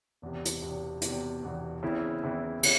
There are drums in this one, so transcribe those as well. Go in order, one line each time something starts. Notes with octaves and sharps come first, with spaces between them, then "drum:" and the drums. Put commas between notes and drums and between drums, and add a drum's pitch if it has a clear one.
E1 E2 C3
drum: hi-hat
E1 E2 C3
E1 E2 C3, drum: hi-hat
E1 E2 C3
E2 C#3 E3 C4 E4
E2 C#3 E3 C4 E4
C#3, drum: cymbal